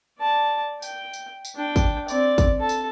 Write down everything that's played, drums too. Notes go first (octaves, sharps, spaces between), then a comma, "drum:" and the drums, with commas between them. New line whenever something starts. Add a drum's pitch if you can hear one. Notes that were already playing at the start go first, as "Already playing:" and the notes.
D5 A5
G5, drum: tambourine
drum: tambourine
drum: tambourine
D4 G5
drum: kick, tambourine
C4 D5, drum: tambourine
drum: kick, tambourine
A4 A5
drum: tambourine